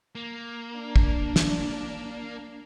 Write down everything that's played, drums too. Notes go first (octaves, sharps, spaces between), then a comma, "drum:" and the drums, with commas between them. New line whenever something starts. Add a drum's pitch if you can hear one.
A#3
D4
drum: kick
drum: snare